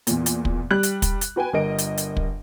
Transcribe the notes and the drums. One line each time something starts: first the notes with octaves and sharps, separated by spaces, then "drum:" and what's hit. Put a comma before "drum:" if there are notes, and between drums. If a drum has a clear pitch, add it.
E2 A#2, drum: hi-hat
drum: hi-hat
drum: kick
G3 F#6
drum: hi-hat
drum: kick, hi-hat
drum: hi-hat
F#4 B4 G5 G#5
G1 A#4 D#5 D7
drum: hi-hat
drum: hi-hat
drum: kick